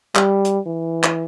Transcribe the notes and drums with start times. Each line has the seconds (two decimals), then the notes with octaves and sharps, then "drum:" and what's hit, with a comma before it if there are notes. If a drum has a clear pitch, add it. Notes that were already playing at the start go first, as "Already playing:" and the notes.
0.15 G3, drum: clap
0.45 drum: hi-hat
0.67 E3
1.03 drum: clap